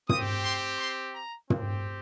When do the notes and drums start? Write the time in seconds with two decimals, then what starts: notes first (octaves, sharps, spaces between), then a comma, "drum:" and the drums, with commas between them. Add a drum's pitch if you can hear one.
0.09 C4 G4 D#6, drum: tom
0.44 C6
0.80 C6
1.15 A#5
1.50 C4 G4, drum: tom